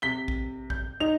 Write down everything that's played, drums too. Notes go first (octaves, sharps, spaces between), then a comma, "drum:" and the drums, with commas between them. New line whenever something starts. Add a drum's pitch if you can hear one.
C3 B6 G7
drum: kick A1
G6, drum: kick A1
D#4 F7